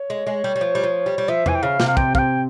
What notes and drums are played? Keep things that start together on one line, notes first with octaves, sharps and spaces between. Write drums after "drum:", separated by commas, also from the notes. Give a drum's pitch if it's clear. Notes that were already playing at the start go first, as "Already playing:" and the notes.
Already playing: C#5
G#3
G#3
G3
G3
F3
G3
F3
G3
G3
F3 E5
E3 G#5, drum: tom E2
G5
C#3 F5
C3, drum: snare
F5
G5, drum: kick
F5, drum: kick
G5